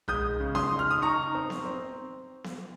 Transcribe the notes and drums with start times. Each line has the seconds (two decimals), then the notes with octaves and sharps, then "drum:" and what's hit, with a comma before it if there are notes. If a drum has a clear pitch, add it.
0.08 G#3 D#6 G6, drum: tom B1
0.40 C#3
0.55 C6 D#6, drum: snare B3
0.71 D#4
0.79 F6
0.91 D#6
1.02 D#4 A#5 C#6
1.35 C4
1.50 drum: snare B3
1.66 C4
2.44 drum: snare B3